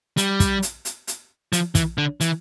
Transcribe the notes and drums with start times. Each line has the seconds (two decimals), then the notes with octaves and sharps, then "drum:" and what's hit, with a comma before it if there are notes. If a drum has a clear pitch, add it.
0.17 G3, drum: hi-hat
0.40 drum: kick, hi-hat
0.62 drum: hi-hat
0.85 drum: hi-hat
1.07 drum: hi-hat
1.53 F3, drum: hi-hat
1.75 E3, drum: kick, hi-hat
1.98 D3
2.21 E3, drum: hi-hat